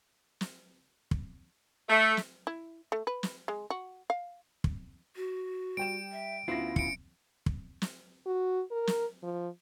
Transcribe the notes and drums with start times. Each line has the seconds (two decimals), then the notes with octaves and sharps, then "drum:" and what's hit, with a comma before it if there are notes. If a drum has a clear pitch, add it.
0.41 drum: snare
1.11 drum: kick
1.89 A3
2.17 drum: snare
2.47 E4
2.92 A3
3.07 B4
3.23 drum: snare
3.48 G#3
3.70 F#4
4.10 F5
4.64 drum: kick
5.16 F#4
5.77 G3 G5 D7 E7
6.12 E5
6.48 D2 B3 C#4 E4 F4 A#6
6.76 C#7 D7, drum: kick
7.46 drum: kick
7.82 drum: snare
8.26 F#4
8.71 A#4
8.87 drum: snare
9.23 F3